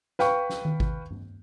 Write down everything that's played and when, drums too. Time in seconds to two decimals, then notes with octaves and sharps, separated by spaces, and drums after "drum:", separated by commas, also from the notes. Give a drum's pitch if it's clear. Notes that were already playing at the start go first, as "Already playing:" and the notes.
0.19 B4 F5 G5 B5 C#6, drum: snare
0.50 drum: snare
0.65 drum: tom D#3
0.80 drum: kick G#1
1.11 drum: tom G2